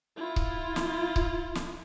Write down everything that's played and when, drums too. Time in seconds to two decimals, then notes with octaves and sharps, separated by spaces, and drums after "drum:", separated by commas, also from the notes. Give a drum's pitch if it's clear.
0.16 E4 F4
0.36 drum: kick C#1
0.76 drum: snare
1.16 drum: kick C#1
1.55 drum: snare